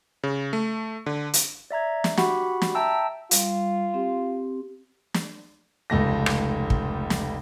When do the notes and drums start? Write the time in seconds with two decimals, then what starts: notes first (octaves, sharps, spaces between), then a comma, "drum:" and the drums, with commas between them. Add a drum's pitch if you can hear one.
0.23 C#3
0.53 A3
1.06 D3
1.33 drum: hi-hat
1.71 D5 E5 A#5 G#6
2.04 drum: snare
2.17 F#4 G4 F#5 B5, drum: snare
2.62 drum: snare
2.75 E5 G5 A5 A#5 E6
3.31 G3 F4, drum: hi-hat
3.94 C4 G4
5.14 drum: snare
5.90 F1 C#2 A3 A#6
6.26 drum: rim click
6.70 drum: kick
7.10 drum: snare